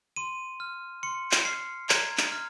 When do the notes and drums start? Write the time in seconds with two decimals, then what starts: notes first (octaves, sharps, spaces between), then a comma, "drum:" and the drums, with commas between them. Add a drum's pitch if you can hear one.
0.16 C6 D#7
0.60 F6
1.03 C6 C#7
1.31 drum: clap
1.45 F6 C7
1.89 A#5 G#6, drum: clap
2.17 drum: clap
2.32 F6